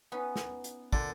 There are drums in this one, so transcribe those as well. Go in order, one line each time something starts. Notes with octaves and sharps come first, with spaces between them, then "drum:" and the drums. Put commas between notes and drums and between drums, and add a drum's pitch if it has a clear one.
B3 C#4 D#4 B4
drum: snare
drum: hi-hat
A#2 D3, drum: kick